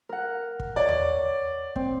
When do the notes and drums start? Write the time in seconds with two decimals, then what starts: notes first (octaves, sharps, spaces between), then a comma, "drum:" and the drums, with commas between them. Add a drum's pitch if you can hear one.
0.09 A#4 F#5
0.60 drum: kick
0.76 C#5 D5
0.89 drum: tom E2
1.76 C4, drum: kick